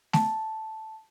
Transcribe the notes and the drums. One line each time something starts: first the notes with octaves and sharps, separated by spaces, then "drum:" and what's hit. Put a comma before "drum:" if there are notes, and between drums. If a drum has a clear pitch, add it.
A5, drum: snare A3